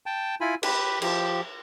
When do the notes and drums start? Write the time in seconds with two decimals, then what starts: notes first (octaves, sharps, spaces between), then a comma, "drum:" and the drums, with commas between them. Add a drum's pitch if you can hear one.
0.06 G5 A5
0.41 E4 F4 G#5 B5
0.63 G4 B4 B5, drum: cymbal
1.02 F3 G4, drum: cymbal